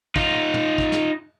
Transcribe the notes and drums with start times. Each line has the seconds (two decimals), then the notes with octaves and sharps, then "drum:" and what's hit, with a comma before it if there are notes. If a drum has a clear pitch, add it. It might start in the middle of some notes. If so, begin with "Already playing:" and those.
0.16 D#4 F4, drum: kick
0.54 drum: tom
0.78 drum: kick
0.92 drum: snare